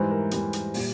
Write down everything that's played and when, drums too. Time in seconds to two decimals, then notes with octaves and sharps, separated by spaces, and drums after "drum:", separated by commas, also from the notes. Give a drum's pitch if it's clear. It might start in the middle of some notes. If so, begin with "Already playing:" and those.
Already playing: G#2 E3 G3 C5
0.11 A#4
0.31 G#2 E3 G3, drum: hi-hat
0.53 drum: hi-hat
0.74 A#2 G3, drum: open hi-hat